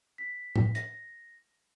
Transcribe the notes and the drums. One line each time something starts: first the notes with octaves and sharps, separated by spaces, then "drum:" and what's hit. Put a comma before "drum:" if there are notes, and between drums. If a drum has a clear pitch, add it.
B6
drum: tom
A#6, drum: hi-hat